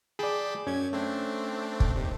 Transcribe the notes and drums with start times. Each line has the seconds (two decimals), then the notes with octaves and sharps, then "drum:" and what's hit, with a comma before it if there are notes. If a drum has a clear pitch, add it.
0.19 G#4 D5 G5 A5 B5
0.67 F#2 C#4 G#6
0.93 A3 C4 D4
1.80 drum: kick
1.96 D#2 C3